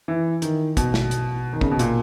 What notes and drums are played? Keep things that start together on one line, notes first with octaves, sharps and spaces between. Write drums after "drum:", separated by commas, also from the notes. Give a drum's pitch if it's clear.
E3
D#3, drum: hi-hat
B2, drum: kick, hi-hat
drum: snare
drum: hi-hat
D#3
C#3, drum: kick
B2
A#2, drum: hi-hat